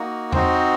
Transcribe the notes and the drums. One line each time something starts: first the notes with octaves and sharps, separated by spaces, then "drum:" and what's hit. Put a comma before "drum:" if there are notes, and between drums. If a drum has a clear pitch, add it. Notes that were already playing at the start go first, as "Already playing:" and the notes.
Already playing: A#3 D#4 F#4
C4 D#4 F#4 C5, drum: tom E2